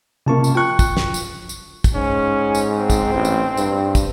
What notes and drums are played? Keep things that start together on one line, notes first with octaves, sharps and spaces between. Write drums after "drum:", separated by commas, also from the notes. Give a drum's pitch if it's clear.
C#2 C3 A#3 A5 C#6
drum: tambourine
F3 G5 C#6 F#6
drum: kick, tambourine
drum: snare
drum: tambourine
drum: tambourine
drum: kick, tambourine
G#2 C#4
drum: tambourine
C4
drum: kick, tambourine
A1
drum: tambourine
G2, drum: tambourine
drum: kick, tambourine